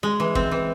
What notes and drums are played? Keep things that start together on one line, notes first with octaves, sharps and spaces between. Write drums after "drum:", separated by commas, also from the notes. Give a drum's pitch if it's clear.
G#3
E3
C4, drum: kick
E3